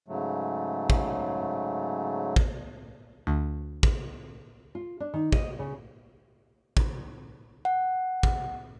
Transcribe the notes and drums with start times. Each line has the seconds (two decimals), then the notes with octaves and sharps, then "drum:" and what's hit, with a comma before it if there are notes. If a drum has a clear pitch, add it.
0.08 G#2 C#3 F#3 A3
0.90 drum: kick
2.36 drum: kick
3.27 D2
3.83 drum: kick
4.75 F4
5.00 D4
5.14 D#3
5.32 D#5, drum: kick
5.59 C#3
6.77 drum: kick
7.65 F#5
8.23 drum: kick